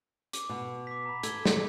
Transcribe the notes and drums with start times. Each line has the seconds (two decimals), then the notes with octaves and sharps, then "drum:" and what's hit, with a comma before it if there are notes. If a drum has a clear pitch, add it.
0.33 D6, drum: hi-hat
0.49 B2
0.87 D6 B6
1.06 A#5 B5
1.23 A4 G#6 G7, drum: hi-hat
1.45 drum: snare